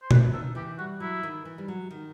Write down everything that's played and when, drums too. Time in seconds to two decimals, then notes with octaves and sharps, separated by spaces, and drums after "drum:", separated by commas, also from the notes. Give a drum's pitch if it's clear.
0.02 C5
0.11 C3 B4, drum: tom B2
0.33 D#3 A4
0.55 E3 G4
0.78 G3 F#4
1.00 F#3 E4
1.23 D#3
1.45 E3
1.58 G3
1.68 F#3
1.91 D#3